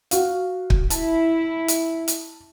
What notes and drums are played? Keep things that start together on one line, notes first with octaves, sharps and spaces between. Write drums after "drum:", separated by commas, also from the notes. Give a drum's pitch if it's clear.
F#4 F5, drum: hi-hat
drum: kick
E4 A5, drum: hi-hat
drum: hi-hat
drum: hi-hat